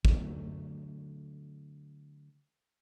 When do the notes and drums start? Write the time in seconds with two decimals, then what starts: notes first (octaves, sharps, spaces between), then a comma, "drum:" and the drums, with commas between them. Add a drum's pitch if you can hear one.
0.05 D3 F#3 A3, drum: kick